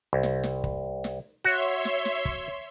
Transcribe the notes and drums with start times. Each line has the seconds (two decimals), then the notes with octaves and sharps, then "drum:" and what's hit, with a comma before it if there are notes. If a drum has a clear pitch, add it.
0.13 C2
0.23 drum: snare
0.43 drum: snare
0.64 drum: kick
1.04 drum: snare
1.45 F#4 C#5 E5 C6
1.85 drum: snare
2.05 drum: snare
2.25 drum: kick